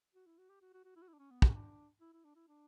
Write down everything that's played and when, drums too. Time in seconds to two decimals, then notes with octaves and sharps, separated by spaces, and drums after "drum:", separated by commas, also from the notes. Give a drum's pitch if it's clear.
0.15 F#4
0.26 E4
0.38 F#4
0.50 G4
0.61 F#4
0.73 F#4
0.85 F#4
0.96 E4
1.02 F#4
1.08 E4
1.13 D4
1.19 C#4
1.31 B3
1.42 C#4, drum: kick
1.55 D4
2.01 E4
2.13 E4
2.25 D4
2.35 E4
2.48 D4